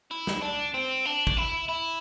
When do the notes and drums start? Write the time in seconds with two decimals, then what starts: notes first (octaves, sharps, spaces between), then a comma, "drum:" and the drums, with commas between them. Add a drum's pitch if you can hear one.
0.11 E4
0.27 drum: snare
0.42 D4
0.74 C4
1.05 D4
1.27 drum: kick
1.37 E4
1.69 E4